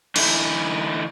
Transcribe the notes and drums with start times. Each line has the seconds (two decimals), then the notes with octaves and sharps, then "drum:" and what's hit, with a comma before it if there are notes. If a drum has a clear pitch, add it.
0.16 D3 E3 A3 D#4 E4, drum: cymbal